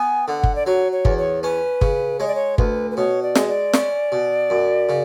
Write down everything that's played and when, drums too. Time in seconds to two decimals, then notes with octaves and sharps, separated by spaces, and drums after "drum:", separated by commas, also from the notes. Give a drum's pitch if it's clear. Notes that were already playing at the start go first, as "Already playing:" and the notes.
Already playing: B3 G#5
0.28 D3 F#5
0.43 drum: kick G1
0.55 D5
0.66 F#3 C#5
0.92 C#5
1.05 E2, drum: kick G1
1.18 C#5
1.43 C#4 B4
1.81 C#3, drum: kick G1
2.20 G#3 C#5
2.27 D5
2.35 C#5
2.58 D2 B4, drum: kick G1
2.91 B4
2.97 B2 C#5
3.23 D5
3.36 G#3, drum: snare
3.48 D5
3.74 C#4, drum: snare
4.12 B2
4.50 F#2
4.89 C#3